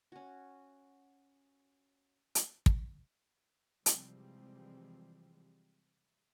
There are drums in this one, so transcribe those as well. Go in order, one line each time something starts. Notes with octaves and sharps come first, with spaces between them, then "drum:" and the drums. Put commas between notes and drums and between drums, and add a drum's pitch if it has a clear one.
C#4 F#4
drum: hi-hat
drum: kick
C3 E3 F3 G3 G#3 C4, drum: hi-hat